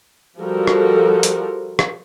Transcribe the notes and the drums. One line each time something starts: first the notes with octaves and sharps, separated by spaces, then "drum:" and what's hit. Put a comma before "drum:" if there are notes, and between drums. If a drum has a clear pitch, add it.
F3 G3 F#4 A4 A#4
drum: rim click
drum: hi-hat
drum: rim click